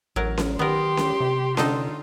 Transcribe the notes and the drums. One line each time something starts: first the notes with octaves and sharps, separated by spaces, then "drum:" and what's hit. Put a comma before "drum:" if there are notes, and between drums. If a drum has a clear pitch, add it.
A1 F#3 A#4
drum: snare C#4
D#3 B3 G4 A#4 C6
drum: snare C#4
C3
D3 D#4 F4 A4, drum: snare C#4